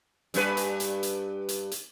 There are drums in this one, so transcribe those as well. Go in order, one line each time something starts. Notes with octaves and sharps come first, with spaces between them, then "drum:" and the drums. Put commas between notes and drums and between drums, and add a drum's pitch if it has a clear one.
G2 G3 B4, drum: hi-hat
drum: hi-hat
drum: hi-hat
drum: hi-hat
drum: hi-hat
drum: hi-hat